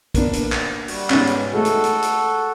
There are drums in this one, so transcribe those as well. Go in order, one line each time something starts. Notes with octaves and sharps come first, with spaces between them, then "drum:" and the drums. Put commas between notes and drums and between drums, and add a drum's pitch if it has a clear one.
A#3 B3 D4, drum: kick, hi-hat
drum: hi-hat
drum: clap
G3 F#4, drum: open hi-hat
G#2 B3 C#4, drum: clap
drum: hi-hat
G#3 A3 F#4 A4
drum: hi-hat
drum: hi-hat
drum: hi-hat